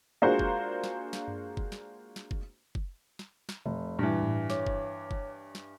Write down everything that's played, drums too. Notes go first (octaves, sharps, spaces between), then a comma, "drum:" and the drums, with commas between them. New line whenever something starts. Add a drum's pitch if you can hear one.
G#3 A#3 D4 F4 F#4 C5
drum: kick F#1
drum: snare
drum: snare
drum: tom F#2
drum: kick F#1
drum: snare
drum: snare
drum: kick F#1
drum: kick F#1
drum: snare
drum: snare
F1, drum: tom A#2
G2 A#2 E3
A2
C#5 D6, drum: snare
drum: kick F#1
drum: kick F#1
drum: snare